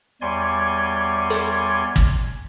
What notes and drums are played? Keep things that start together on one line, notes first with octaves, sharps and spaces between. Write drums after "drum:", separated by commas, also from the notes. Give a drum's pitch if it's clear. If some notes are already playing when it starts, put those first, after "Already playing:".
E2 G3 C#5 D5 G#5 C6
drum: hi-hat
drum: kick